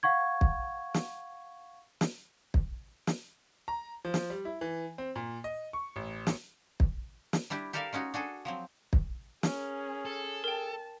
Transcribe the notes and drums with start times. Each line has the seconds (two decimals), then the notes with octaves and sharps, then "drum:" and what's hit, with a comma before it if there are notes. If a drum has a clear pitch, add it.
0.03 F5 F#5 C#6 G#6
0.41 drum: kick
0.94 drum: snare
2.01 drum: snare
2.54 drum: kick
3.07 drum: snare
3.68 A#5
4.05 F3
4.14 drum: snare
4.30 G3
4.45 E4
4.61 E3
4.98 C4
5.16 A#2
5.44 D#5
5.73 C#6
5.96 A1
6.27 drum: snare
6.80 drum: kick
7.33 drum: snare
7.50 G3 D4 E4 G4
7.73 G4 A4 A#4 D5 E5 F5
7.93 G#3 C#4 D#4 F#4
8.14 D4 F#4 G#4 A4
8.45 F3 F#3 C4
8.93 drum: kick
9.43 C#4 G#4 A#4, drum: snare
10.05 A4
10.44 A#4 G5 A5